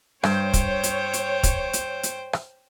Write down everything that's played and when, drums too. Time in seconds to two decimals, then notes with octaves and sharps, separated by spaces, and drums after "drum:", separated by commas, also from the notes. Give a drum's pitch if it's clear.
0.24 G2 C5 C#5 G5, drum: rim click
0.53 drum: kick, hi-hat
0.83 drum: hi-hat
1.13 drum: hi-hat
1.43 drum: kick, hi-hat
1.73 drum: hi-hat
2.03 drum: hi-hat
2.33 drum: rim click